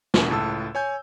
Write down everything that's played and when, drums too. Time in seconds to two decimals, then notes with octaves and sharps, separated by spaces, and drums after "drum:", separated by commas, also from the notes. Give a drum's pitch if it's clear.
0.14 E2 B2 D4, drum: snare
0.30 C#2 A2 A5 E6
0.75 C#5 G#5 G6